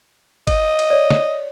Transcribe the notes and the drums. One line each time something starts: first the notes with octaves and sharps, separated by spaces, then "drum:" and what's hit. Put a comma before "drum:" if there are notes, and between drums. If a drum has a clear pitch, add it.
D#5, drum: kick, cymbal
drum: cymbal
C#5 D5
drum: snare